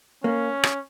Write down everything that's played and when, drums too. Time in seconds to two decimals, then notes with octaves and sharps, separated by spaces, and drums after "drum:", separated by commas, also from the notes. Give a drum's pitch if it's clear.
0.24 A#3 C#4
0.64 drum: rim click